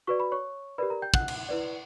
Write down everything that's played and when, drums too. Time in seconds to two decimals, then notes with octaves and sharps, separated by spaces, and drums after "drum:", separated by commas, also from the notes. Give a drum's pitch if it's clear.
0.07 F#4 B4 D5 C#6
0.20 B5
0.32 C#5 C#6
0.78 G4 A#4 B4 D5 B5
0.90 A#4 A#5
1.02 G5 G6
1.14 F#5 F#6, drum: kick
1.28 drum: cymbal
1.49 E4 B4 D5